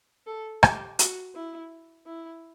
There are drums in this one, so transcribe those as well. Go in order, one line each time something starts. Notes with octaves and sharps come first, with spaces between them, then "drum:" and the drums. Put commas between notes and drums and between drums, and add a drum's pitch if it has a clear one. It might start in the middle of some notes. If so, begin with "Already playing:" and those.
A4
G4, drum: rim click
F#4, drum: hi-hat
E4
E4